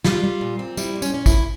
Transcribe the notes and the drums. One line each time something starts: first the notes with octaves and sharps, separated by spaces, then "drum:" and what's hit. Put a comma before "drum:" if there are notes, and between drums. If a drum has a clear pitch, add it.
G3 F4, drum: snare
G3
A#2
C4
G3 E4, drum: tambourine
A#2
C#4, drum: tambourine
C#4
E4, drum: kick, tambourine
C#4